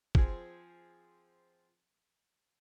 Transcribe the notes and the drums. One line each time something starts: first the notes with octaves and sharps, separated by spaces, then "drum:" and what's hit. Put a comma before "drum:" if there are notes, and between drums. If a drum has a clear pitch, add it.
F3 C4 G#4, drum: kick